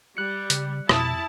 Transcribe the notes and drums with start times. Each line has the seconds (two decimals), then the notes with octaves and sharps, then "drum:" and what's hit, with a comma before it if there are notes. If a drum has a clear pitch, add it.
0.17 G3 F#6 C#7
0.50 C#3, drum: hi-hat
0.89 F2 B2 E4 A5 D#6, drum: rim click